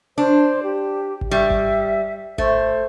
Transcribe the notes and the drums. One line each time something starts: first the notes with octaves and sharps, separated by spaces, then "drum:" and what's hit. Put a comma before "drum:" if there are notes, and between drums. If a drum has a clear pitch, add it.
D4 C5
G4
drum: kick G#1
G3 E5
drum: kick G#1
A3 C5, drum: kick G#1